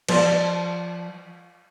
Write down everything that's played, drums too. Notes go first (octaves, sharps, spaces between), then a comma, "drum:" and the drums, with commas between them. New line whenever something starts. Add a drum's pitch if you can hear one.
F3 F4 C5 D5 A5, drum: cymbal